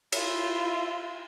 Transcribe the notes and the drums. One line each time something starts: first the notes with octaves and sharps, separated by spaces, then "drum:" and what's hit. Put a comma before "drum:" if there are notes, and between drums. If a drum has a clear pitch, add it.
E4 F4, drum: cymbal